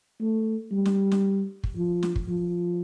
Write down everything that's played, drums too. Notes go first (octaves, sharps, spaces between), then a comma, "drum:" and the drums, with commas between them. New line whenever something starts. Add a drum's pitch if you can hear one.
A3
G3
drum: snare
drum: snare
drum: kick
F3
drum: snare
drum: kick
F3